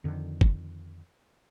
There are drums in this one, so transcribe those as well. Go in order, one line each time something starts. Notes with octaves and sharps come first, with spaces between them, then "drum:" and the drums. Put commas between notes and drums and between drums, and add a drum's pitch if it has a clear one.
F2 D3 D#3
drum: kick F#1